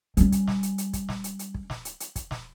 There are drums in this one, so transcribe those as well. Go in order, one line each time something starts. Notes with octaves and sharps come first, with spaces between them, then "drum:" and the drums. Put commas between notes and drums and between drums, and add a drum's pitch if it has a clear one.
G3 C#4, drum: hi-hat
drum: kick, hi-hat
drum: snare
drum: hi-hat
drum: hi-hat
drum: kick, hi-hat
drum: snare
drum: hi-hat
drum: hi-hat
drum: kick
drum: snare
drum: hi-hat
drum: hi-hat
drum: kick, hi-hat
drum: snare